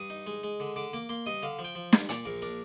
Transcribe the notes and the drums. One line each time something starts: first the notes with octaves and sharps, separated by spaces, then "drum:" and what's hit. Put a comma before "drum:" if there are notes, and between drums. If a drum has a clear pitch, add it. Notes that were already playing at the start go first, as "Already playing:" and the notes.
Already playing: G2 D#6
D#4
G#3
G#3
D3
D3 D6
A#3 D6
A#3 C6
G2 D#5
D3 F5
F3
G5
F3
G2, drum: snare
A#2 D5, drum: hi-hat
A#1 A#4
D4 A#4